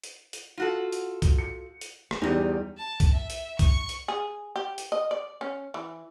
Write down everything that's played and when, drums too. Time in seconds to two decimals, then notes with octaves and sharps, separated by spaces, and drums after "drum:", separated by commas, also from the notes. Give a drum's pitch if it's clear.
0.04 drum: hi-hat
0.33 drum: hi-hat
0.57 F4 F#4 A4
0.92 drum: hi-hat
1.22 drum: kick C2, hi-hat
1.39 C#7
1.81 drum: hi-hat
2.11 drum: rim click
2.22 E2 G#2 G3 D#4
2.78 A5
3.00 drum: kick C2, hi-hat
3.13 E5
3.30 drum: hi-hat
3.59 C#6, drum: kick C2, hi-hat
3.89 drum: hi-hat
4.08 G#4
4.56 G4
4.78 drum: hi-hat
4.92 D#5
5.11 D5
5.41 C#4
5.74 E3